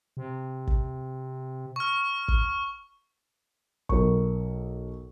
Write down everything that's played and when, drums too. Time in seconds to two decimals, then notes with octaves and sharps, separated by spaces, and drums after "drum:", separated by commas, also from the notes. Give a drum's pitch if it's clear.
0.17 C3
0.67 drum: kick
1.76 C#6 F6
2.28 drum: kick
3.89 B1 A#4 C#6, drum: kick